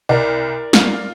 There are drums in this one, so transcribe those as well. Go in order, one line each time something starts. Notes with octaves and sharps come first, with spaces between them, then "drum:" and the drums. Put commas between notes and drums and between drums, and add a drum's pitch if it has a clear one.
C2 A#4 D5
F4 F6, drum: snare